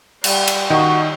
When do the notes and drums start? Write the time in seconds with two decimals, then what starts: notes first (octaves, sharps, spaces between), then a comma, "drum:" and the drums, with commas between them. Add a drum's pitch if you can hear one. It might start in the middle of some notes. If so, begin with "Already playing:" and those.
0.24 G3, drum: cymbal
0.48 drum: cymbal
0.70 D#3 D#4 F#4